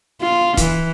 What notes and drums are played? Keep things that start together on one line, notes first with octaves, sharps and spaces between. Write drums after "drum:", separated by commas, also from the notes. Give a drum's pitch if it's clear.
F4
E3, drum: kick C#1, hi-hat